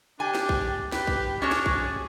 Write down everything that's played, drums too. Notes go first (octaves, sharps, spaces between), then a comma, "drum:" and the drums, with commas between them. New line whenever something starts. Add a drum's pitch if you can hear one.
D4 G4 G#5
drum: snare
drum: kick A#1
G4 B4, drum: snare
drum: kick A#1
C#4 D4 F#4 G#4 C#5
drum: snare
drum: kick A#1